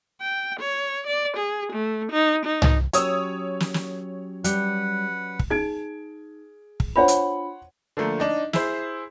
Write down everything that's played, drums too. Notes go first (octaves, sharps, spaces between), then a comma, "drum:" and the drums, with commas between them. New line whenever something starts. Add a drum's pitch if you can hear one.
G5
C#5
D5
G#4
A3
D#4
D#4
drum: tom
F#3 C#4 G4 C#5 D#6 E6, drum: hi-hat
drum: snare
drum: snare
G3 B4 F#5, drum: hi-hat
drum: kick
D#4 G#4 G#6 D7
drum: kick
D4 F4 C5 C#5 F#5 B5
drum: hi-hat
D3 F3 A3 A#3
D4 D#4
E4 G#4 C5, drum: snare